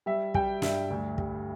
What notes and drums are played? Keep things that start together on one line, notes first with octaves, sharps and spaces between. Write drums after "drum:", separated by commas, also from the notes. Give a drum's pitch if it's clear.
G3 E5
G3 G5, drum: kick
G2 E5, drum: snare
D2
G3, drum: kick